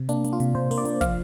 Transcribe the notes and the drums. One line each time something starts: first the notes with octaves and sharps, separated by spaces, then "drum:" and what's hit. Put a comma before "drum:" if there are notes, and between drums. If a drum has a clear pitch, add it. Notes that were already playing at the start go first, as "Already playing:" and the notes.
Already playing: C3
A#3 D4, drum: hi-hat
A#3, drum: hi-hat
F4
C3, drum: hi-hat
C3 C5
A#3, drum: open hi-hat
D5
A#3, drum: hi-hat
F3 F5, drum: kick, hi-hat